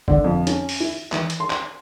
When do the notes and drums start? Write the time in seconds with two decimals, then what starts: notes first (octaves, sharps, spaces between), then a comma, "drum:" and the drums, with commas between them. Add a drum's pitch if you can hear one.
0.08 D3, drum: kick F#1
0.24 F2
0.47 C#4, drum: hi-hat
0.69 drum: open hi-hat
0.80 E4
1.12 E3, drum: clap
1.30 drum: hi-hat
1.40 C6
1.50 drum: clap